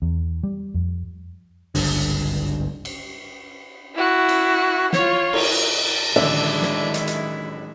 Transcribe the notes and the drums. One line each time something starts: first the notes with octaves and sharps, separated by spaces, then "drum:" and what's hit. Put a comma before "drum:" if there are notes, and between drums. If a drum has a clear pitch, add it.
E2
G3
F2
G#1 C#2 G2 D3, drum: open hi-hat
drum: cymbal
E4 F#4
drum: cymbal
F4 C#5, drum: snare
drum: cymbal
D1 A1 D3 D#3 G#3 D4 E4 E5
drum: snare
drum: hi-hat
drum: hi-hat